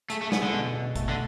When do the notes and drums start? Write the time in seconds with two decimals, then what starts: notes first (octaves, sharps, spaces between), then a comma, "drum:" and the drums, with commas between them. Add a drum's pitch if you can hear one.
0.10 A3 G#4, drum: hi-hat
0.22 A3
0.32 B3 G#4, drum: snare
0.43 D3
0.53 B2
0.74 B2
0.96 A3, drum: kick A1, hi-hat
1.09 D3